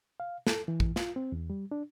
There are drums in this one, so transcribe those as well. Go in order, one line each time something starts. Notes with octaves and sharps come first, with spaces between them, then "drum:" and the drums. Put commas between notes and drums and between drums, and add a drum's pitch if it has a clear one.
F5
A4, drum: snare
E3
drum: kick
F4, drum: snare
C4
E2
G3
D4